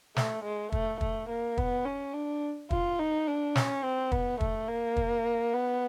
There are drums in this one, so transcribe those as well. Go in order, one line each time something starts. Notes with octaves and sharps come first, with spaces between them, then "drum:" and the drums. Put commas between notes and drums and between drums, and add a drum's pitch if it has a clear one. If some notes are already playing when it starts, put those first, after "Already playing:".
A3, drum: snare
G#3
A3, drum: kick
A3, drum: kick
A#3
B3, drum: kick
C#4
D4
F4, drum: kick
D#4
D4
C#4, drum: snare
C4
B3, drum: kick
A3, drum: kick
A#3
drum: kick
B3